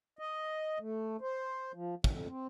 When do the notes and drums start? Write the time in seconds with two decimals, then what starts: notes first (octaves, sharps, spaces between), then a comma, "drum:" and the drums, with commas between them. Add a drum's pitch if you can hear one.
0.19 D#5
0.80 A3
1.21 C5
1.74 F3
2.04 F2, drum: kick
2.27 C4